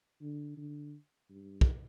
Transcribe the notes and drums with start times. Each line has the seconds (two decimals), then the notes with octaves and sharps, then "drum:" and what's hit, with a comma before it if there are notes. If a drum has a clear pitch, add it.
0.21 D3
0.57 D3
1.29 G2
1.61 drum: kick